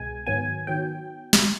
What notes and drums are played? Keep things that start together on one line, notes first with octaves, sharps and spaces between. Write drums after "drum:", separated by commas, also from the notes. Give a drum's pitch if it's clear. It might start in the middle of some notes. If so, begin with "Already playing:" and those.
Already playing: C2 B2 G#3 B3 G#5
G#2 D#3 F#3 B3 G#5
D#3 F#3 B3 G5
drum: snare